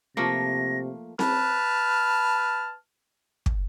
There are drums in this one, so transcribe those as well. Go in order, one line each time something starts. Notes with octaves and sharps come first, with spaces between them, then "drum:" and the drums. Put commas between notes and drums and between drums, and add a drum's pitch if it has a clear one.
C3 F3 A3 A#3 A#6
B4 A5 F6, drum: snare C4
drum: kick